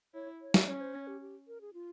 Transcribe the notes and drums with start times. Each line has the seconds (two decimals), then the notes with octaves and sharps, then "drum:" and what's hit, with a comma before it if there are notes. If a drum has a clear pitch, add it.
0.14 E4 C#5
0.41 C#5
0.54 E5, drum: snare
0.67 C#4 C#5
0.81 C5
0.94 C#5
1.07 G4
1.21 G4
1.47 A#4
1.61 G#4
1.73 F4